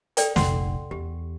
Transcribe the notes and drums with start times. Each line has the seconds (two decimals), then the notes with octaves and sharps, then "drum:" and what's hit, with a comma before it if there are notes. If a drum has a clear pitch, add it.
0.17 A4 D5 G5, drum: hi-hat
0.36 F1 A#1 F#5 C6, drum: snare
0.91 E2 G4